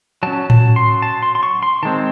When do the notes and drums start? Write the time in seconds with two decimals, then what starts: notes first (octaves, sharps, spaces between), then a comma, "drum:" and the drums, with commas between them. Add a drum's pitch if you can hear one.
0.23 F#3 C#4 A5
0.50 A5, drum: tom A2
0.76 C6
1.02 A5
1.23 C6
1.35 C6
1.43 C#6
1.63 C6
1.83 D#3 G#3 C4 A5